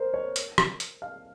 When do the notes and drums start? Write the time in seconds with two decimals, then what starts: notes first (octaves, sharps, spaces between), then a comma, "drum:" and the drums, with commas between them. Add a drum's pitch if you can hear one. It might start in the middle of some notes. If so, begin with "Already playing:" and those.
Already playing: A#4 C5
0.14 C#5
0.36 drum: hi-hat
0.58 drum: rim click
0.80 drum: hi-hat
1.02 F5